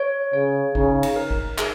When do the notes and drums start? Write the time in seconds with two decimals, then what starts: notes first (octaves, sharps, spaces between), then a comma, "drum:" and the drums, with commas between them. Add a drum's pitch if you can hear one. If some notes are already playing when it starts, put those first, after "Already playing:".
Already playing: C#5
0.33 C#3 C#5
0.75 C#3 D#4, drum: kick A1
1.03 drum: cymbal
1.16 A#4
1.31 drum: kick A1
1.58 G#4, drum: clap